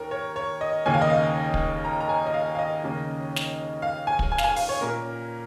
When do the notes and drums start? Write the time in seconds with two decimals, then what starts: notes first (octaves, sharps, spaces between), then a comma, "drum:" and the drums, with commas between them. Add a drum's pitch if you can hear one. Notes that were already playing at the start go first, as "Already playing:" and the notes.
Already playing: D#2 C#4 A#4
0.11 C#5
0.36 C#5
0.61 D#5
0.86 D#2 C#3 A#3 C#4 G#5
0.94 F5
1.02 D#5
1.10 F5
1.54 drum: kick
1.85 A#5
2.00 A#5
2.09 G#5
2.27 D#5
2.34 F5
2.55 F5
2.59 D#5
2.83 D#2 C#3 A#3 C#4
3.36 drum: snare
3.82 F5
4.07 G#5
4.19 drum: kick
4.32 G#5
4.38 F5, drum: snare
4.44 G#5
4.56 F5, drum: open hi-hat
4.69 C#5
4.81 A#2 A#3 C#4 A#4